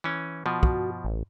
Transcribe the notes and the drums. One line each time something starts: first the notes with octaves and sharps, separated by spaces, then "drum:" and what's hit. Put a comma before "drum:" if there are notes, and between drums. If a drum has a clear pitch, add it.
E3 C#4
B2 F3
F#4, drum: kick
A1